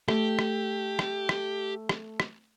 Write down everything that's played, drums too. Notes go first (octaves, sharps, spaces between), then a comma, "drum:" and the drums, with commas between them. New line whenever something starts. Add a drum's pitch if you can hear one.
A3 G4, drum: rim click
drum: rim click
drum: rim click
drum: rim click
drum: rim click
drum: rim click